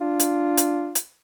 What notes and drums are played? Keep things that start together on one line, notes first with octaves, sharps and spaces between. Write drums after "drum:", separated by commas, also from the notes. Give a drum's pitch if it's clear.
D4 F4
drum: hi-hat
drum: hi-hat
drum: hi-hat